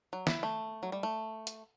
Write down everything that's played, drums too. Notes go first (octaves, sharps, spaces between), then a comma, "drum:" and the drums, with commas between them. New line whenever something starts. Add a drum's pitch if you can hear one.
F#3
E4, drum: snare
A3
F#3
G3
A3
drum: hi-hat